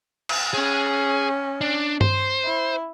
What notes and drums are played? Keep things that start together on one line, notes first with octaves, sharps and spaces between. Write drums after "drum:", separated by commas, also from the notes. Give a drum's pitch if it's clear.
drum: cymbal
C#4 G#4
D4
C5, drum: tom G2
E4